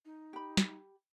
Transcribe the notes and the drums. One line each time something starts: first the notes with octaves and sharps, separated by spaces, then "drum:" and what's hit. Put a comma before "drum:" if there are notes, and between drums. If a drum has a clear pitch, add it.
D#4
G4 B5
drum: snare